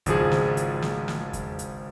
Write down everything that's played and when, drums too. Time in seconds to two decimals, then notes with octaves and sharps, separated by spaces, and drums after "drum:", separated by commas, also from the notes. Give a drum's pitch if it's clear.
0.06 G#1 C#2 F3 G#4, drum: kick E2, hi-hat
0.32 drum: snare
0.57 drum: hi-hat
0.82 drum: snare
1.08 drum: snare
1.33 drum: kick E2, hi-hat
1.59 drum: hi-hat